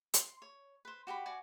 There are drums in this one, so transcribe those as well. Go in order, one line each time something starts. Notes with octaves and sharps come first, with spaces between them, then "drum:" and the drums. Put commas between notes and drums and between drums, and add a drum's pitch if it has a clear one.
C6, drum: hi-hat
C#5
B4 C5
F#4 G4 A#5 B5
F#4 D5 G#5